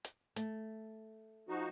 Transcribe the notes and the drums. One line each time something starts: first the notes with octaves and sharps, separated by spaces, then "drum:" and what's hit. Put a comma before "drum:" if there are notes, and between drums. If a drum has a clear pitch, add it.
drum: hi-hat
A3, drum: hi-hat
F3 D#4 F#4